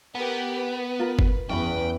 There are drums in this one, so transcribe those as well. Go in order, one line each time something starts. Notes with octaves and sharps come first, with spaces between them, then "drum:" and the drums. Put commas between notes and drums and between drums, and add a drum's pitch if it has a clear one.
B3 G4 A#4 B4
B4
F4 A#4
drum: kick
E2 C#4 B4 D#5 G5 B5